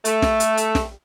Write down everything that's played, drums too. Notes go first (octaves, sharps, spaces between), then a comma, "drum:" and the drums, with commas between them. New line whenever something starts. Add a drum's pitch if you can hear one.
A3, drum: hi-hat
drum: snare
drum: hi-hat
drum: hi-hat
drum: snare